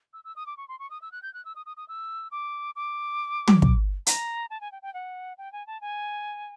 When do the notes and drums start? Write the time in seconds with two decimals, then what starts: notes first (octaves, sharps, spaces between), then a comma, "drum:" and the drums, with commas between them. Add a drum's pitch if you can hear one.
0.13 E6
0.24 E6
0.36 D#6
0.47 D6
0.57 C#6
0.68 C6
0.79 C#6
0.90 D#6
1.02 E6
1.12 F#6
1.22 G6
1.34 F#6
1.45 E6
1.56 D#6
1.66 D#6
1.77 D#6
1.88 E6
2.31 D6
2.76 D6
3.47 drum: tom
3.62 drum: kick
4.06 A#5, drum: hi-hat
4.50 A5
4.61 G#5
4.72 G5
4.82 G5
4.94 F#5
5.38 G5
5.53 G#5
5.67 A5
5.81 G#5